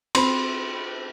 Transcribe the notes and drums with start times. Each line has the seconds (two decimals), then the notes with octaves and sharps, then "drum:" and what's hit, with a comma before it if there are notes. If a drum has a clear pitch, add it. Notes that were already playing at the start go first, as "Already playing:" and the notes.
0.15 C4 B5 C6, drum: cymbal